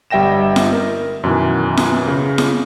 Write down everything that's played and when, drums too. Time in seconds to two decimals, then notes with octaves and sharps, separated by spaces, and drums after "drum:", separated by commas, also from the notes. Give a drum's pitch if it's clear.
0.11 G1 G3 E5 G5 A#6 E7
0.56 drum: snare
0.72 A#4
1.24 F#2 B2 D#3 E3
1.77 drum: snare
2.08 C#3
2.38 drum: snare